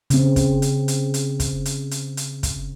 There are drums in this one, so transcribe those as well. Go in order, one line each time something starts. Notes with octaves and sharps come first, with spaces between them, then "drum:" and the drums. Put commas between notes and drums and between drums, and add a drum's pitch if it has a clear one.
C#3 C4, drum: hi-hat
drum: kick, hi-hat
drum: hi-hat
drum: hi-hat
drum: hi-hat
drum: kick, hi-hat
drum: hi-hat
drum: hi-hat
drum: hi-hat
drum: kick, hi-hat